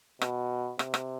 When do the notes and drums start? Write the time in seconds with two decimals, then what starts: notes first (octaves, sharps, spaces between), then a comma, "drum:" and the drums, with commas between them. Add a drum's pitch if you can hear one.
0.21 B2, drum: rim click
0.79 C3, drum: rim click
0.94 drum: rim click